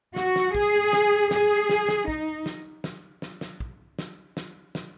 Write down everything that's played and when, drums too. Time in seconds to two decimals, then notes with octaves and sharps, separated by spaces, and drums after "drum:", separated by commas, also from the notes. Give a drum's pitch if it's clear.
0.16 F#4, drum: snare
0.36 drum: snare
0.55 G#4, drum: kick
0.93 drum: snare
1.31 G#4, drum: snare
1.69 drum: snare
1.89 drum: snare
2.08 D#4, drum: kick
2.46 drum: snare
2.84 drum: snare
3.22 drum: snare
3.41 drum: snare
3.60 drum: kick
3.99 drum: snare
4.37 drum: snare
4.75 drum: snare